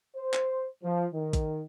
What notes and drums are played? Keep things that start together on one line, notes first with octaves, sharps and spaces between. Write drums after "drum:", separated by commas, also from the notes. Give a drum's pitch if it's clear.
C5
drum: clap
F3
D#3
drum: kick, hi-hat